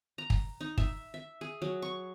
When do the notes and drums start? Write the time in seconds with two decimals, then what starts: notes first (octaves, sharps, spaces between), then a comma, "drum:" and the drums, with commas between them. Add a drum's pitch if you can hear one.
0.18 A#5
0.30 drum: kick
0.61 D#4
0.78 E5, drum: kick
1.14 E5
1.41 G#4
1.62 F#3
1.82 C#6